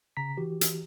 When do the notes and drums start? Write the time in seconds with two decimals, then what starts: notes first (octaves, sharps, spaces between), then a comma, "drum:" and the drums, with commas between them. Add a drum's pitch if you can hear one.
0.17 C#3 A#5 B6
0.37 E3 F#4 G4
0.61 drum: hi-hat